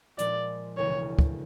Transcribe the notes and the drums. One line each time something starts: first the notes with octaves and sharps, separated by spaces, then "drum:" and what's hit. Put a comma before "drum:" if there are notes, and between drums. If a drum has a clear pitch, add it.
A#2 F3 G#3 D5, drum: hi-hat
E1 D2 C#3 E3 C#5
drum: kick